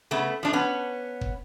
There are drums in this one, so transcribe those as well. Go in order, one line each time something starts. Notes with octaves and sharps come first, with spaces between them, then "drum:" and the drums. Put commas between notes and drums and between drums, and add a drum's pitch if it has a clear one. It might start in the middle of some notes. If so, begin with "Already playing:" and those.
C#3 A3 B3
F3 A3 D4
B3 C#4
drum: kick